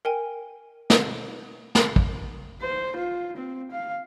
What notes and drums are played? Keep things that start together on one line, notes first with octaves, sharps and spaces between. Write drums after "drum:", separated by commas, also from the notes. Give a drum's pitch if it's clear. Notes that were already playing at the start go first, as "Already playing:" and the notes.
A#4 G5 G#5
drum: snare
drum: snare
drum: kick
C5
F4
C4
F5